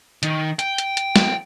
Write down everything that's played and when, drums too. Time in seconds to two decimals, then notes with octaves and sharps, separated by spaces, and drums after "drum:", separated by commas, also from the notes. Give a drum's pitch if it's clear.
0.23 D#3, drum: hi-hat
0.59 G5, drum: hi-hat
0.78 drum: hi-hat
0.97 drum: hi-hat
1.16 drum: snare